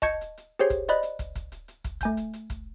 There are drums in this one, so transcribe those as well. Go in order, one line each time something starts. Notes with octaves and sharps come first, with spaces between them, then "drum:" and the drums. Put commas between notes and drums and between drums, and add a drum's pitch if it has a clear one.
D#5 A5 C#6 G6 G#6 C#7, drum: kick, hi-hat
drum: hi-hat
drum: hi-hat
G4 G#4 C5 C#5 C7
drum: kick, hi-hat
C5 D5 D#5 B5 F#6, drum: hi-hat
drum: hi-hat
drum: kick, hi-hat
drum: kick, hi-hat
drum: hi-hat
drum: hi-hat
drum: kick, hi-hat
A3 G#5 G6, drum: kick, hi-hat
drum: hi-hat
drum: hi-hat
drum: kick, hi-hat